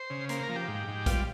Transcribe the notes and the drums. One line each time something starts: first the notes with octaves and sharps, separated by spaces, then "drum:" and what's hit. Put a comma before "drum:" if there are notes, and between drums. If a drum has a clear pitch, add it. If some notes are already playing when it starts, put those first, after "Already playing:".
Already playing: C5
C#3
A#3 C5, drum: hi-hat
A#4
F3
G4
G#2
G#2
G3 F4, drum: kick A#1, hi-hat